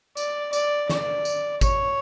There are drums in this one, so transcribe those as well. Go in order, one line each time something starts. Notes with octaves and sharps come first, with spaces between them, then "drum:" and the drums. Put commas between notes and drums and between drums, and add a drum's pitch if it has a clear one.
D5, drum: tambourine
D5, drum: tambourine
D5, drum: snare
drum: tambourine
C#5, drum: kick G#1, tambourine